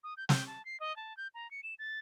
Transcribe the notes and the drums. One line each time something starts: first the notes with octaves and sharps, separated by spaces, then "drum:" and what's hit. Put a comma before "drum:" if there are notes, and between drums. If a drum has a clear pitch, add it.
D#6
G6
G5, drum: snare
A5
C7
D#5
A5
G6
A#5
C#7
E7
A6